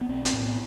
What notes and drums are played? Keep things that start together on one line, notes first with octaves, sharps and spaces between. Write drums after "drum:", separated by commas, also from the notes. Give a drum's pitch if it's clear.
B3
B1 C4
C4, drum: hi-hat
A2
B3